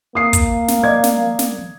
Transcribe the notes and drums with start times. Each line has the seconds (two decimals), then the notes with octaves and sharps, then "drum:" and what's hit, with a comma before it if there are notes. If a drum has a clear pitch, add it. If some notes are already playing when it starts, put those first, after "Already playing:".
0.15 A#3 D#6 C7
0.33 drum: kick, hi-hat
0.68 drum: snare
0.83 D5 D#5 G#6
1.04 drum: snare
1.39 drum: snare